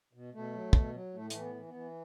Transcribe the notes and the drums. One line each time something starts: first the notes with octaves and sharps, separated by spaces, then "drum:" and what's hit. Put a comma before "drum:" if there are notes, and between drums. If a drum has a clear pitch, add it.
B2
B2 A3
F#3
B2, drum: kick
F#3
A2 A3
E3 A3, drum: hi-hat
B3
E3
B3
E3